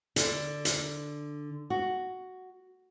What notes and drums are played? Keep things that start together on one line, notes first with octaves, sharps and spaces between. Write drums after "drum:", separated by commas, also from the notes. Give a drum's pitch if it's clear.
D3, drum: hi-hat
drum: hi-hat
F#4